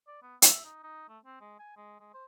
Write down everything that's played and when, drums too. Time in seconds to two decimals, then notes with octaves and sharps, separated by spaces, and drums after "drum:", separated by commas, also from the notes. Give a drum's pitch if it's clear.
0.07 D5
0.22 B3
0.42 E5, drum: hi-hat
0.65 D#4
0.84 D#4
1.09 A3
1.25 C4
1.41 G#3
1.59 G#5
1.77 G#3
2.00 G#3
2.14 C5